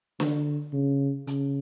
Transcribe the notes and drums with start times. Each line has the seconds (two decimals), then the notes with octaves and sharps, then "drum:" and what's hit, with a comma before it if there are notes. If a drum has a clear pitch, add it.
0.20 D3, drum: snare
0.73 C#3
1.27 C#3, drum: hi-hat